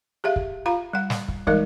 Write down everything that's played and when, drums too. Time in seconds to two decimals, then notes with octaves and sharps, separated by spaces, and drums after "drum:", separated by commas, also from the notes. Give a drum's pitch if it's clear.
0.24 G4 G#4 E5 F5
0.36 drum: kick
0.66 F4 F5 A#5 B5
0.93 G3 F#5
1.10 drum: snare
1.28 drum: kick
1.47 E3 G3 G#3 D#4 A#4 D#5, drum: kick